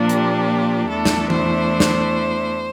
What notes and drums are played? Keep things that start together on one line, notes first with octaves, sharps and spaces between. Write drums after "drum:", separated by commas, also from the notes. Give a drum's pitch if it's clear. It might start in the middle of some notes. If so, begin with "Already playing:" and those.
Already playing: A#2 F3 A#3 D4
G4, drum: hi-hat
E2 E3 A3 D4 A4
drum: snare
C5, drum: tom E3
drum: snare